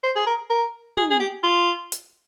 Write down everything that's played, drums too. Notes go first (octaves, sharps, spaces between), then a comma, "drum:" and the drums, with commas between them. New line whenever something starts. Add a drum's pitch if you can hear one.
C5
G#4
A#4
A#4
G#4, drum: tom
G#4
G4
F4
drum: hi-hat